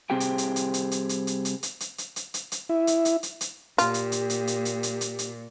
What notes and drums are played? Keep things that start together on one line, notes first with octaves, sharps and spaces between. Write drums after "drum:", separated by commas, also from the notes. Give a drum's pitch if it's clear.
C2 C3 C4 G4 G#4 G5
drum: hi-hat
drum: hi-hat
drum: hi-hat
drum: hi-hat
drum: hi-hat
drum: hi-hat
drum: hi-hat
drum: hi-hat
drum: hi-hat
drum: hi-hat
drum: hi-hat
drum: hi-hat
drum: hi-hat
drum: hi-hat
E4
drum: hi-hat
drum: hi-hat
drum: hi-hat
drum: hi-hat
A#2 F4 G4, drum: hi-hat
drum: hi-hat
drum: hi-hat
drum: hi-hat
drum: hi-hat
drum: hi-hat
drum: hi-hat
drum: hi-hat
drum: hi-hat